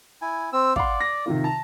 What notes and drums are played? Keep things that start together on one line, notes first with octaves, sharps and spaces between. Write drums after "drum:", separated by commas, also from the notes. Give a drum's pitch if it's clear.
E4 G#5
C4 E6
D5 F5 F#5 C6, drum: kick
A#6
C3 D#3 F4
A5 A#5